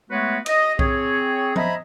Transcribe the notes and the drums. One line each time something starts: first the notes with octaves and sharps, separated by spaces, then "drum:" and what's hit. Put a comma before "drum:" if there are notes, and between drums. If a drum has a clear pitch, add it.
G#3 A3 B3 F#4 B4 C#5
D#5, drum: cymbal
C4 G#4 C#5, drum: kick B1
C5 D#5 E5 G#5 A#5 B5, drum: tom F3